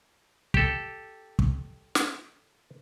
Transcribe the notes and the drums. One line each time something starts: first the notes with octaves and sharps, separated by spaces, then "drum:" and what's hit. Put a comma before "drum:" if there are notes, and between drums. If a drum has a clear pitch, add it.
G4 A4, drum: kick
drum: kick
drum: snare